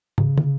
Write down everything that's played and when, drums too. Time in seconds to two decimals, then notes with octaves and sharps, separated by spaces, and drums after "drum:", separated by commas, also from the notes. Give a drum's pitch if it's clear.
0.18 C#3, drum: tom
0.38 drum: tom